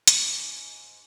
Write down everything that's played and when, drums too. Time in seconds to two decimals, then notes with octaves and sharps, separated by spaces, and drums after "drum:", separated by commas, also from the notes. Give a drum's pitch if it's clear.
0.07 G#2, drum: hi-hat